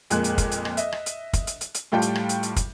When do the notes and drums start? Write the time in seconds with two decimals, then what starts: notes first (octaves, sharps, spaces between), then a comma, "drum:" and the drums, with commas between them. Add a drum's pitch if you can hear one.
0.10 F2 A#2 G#3 A#3 F#6, drum: hi-hat
0.24 drum: hi-hat
0.38 drum: kick, hi-hat
0.51 drum: hi-hat
0.65 drum: rim click
0.77 D#5 E5, drum: hi-hat
0.92 drum: rim click
1.06 drum: hi-hat
1.33 drum: kick, hi-hat
1.47 drum: hi-hat
1.61 drum: hi-hat
1.74 drum: hi-hat
1.92 A2 G3 F4 G5 A5 G6
2.02 drum: hi-hat
2.15 drum: rim click
2.29 drum: hi-hat
2.43 drum: hi-hat
2.56 drum: kick, hi-hat